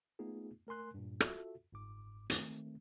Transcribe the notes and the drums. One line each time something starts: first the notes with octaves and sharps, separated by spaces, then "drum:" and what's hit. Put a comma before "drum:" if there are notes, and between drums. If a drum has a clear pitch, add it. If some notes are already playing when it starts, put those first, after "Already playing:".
A3 B3 D#4 F4 G#4
A3 A#4 G#5 C6 F#6
G2 A#2
F4 F#4 A4 E5, drum: rim click
G1 G#2 D6
D#3 A3 C4, drum: hi-hat